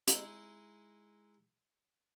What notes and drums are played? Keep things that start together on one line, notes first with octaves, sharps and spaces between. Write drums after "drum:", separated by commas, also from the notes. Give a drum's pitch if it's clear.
G#3 D#4 E4, drum: hi-hat